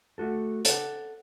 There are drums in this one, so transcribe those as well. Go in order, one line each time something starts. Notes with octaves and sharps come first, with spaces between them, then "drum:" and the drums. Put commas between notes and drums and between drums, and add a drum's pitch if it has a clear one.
A3 F#4 A4
A4 F#5, drum: hi-hat